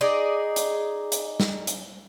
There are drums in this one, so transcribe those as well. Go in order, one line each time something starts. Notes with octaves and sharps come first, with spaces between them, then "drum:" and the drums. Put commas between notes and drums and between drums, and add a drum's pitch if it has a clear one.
D#4 G#4 D5 D#5
drum: hi-hat
drum: hi-hat
drum: snare
drum: hi-hat